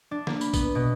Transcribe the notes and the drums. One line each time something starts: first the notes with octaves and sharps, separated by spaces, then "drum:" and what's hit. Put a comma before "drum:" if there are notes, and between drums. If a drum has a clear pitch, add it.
D4
A#3, drum: snare
B5, drum: tambourine
B3, drum: kick, tambourine
B2